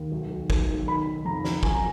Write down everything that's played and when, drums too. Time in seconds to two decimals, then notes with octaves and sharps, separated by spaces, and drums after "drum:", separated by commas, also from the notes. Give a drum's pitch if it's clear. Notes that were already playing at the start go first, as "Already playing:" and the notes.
Already playing: D#2
0.12 B1
0.31 B1
0.50 B1, drum: kick
0.69 B1
0.87 D#3 B5
1.07 D#3
1.25 F2 A#5
1.45 F2, drum: snare
1.63 F#2 G#5, drum: kick
1.74 A#5